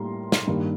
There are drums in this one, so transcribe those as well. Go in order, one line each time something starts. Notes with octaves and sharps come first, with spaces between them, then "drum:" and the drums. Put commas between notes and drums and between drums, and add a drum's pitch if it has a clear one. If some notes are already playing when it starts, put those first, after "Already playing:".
Already playing: A2 G3 A#3 A#5 C6
drum: snare
G2 D#3 A#3